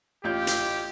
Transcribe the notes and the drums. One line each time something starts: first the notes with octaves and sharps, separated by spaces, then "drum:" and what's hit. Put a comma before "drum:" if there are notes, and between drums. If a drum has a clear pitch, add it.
A1 F4 G4 G6
drum: hi-hat